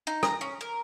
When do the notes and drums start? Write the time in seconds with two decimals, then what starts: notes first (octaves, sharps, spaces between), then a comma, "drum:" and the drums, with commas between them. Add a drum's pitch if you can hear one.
0.07 D#4
0.23 A#5, drum: rim click
0.41 C#4
0.61 A#4